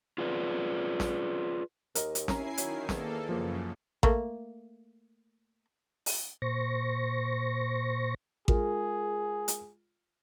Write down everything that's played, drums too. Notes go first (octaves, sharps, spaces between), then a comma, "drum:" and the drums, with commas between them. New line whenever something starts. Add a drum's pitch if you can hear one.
F4 G#4 B4 D5
drum: snare
D#2 A#4 D#5, drum: hi-hat
drum: hi-hat
C#4 E4 G#5 A#5 C7, drum: snare
D#3 F#3, drum: hi-hat
E2 A#3 A4, drum: snare
F#2 C#3 F3 A#3
A3 A#3, drum: kick A1
drum: open hi-hat
A#2 C5 C#6 A#6
G#3 F4 G#4 A#4, drum: kick A1
drum: hi-hat